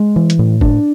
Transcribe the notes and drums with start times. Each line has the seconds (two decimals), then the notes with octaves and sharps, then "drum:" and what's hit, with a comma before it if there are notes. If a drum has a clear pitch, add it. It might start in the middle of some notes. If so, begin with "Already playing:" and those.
Already playing: G#3
0.16 E3
0.30 drum: hi-hat
0.39 A2
0.61 D4, drum: kick F#1